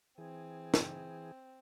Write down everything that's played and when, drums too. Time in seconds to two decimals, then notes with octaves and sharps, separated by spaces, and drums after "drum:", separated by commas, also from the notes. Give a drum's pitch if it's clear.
0.18 E3 C4 G#4
0.74 drum: snare